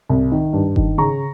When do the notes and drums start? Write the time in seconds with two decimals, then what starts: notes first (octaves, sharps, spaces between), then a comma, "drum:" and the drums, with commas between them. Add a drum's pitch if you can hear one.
0.09 C2
0.32 D#3
0.53 G2
0.76 D#3, drum: kick F#1
0.98 C#3 A#5 C#6